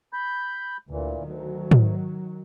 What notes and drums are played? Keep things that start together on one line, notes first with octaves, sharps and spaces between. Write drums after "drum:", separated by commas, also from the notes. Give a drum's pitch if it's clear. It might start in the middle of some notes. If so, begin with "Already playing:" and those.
B5 G6
D2 A#2 E3
D2 D#3 F#3
drum: tom